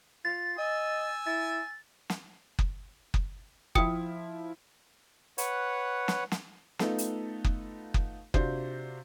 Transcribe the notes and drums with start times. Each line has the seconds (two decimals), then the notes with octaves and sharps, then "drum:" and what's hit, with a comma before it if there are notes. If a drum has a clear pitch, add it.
0.25 F4 A6
0.58 D#5 G#5 E6
1.27 E4 A6
2.10 drum: snare
2.59 drum: kick F#1
3.14 drum: kick F#1
3.75 F3 E4 G5 D#6 C#7, drum: kick F#1
5.38 B4 C#5 F#5, drum: hi-hat
6.08 drum: snare
6.32 drum: snare
6.79 A3 B3 D#4 F4 A4 B4, drum: snare
6.98 drum: hi-hat
7.44 drum: kick F#1
7.94 drum: kick F#1
8.34 C3 D4 F4 F#4 C5, drum: kick F#1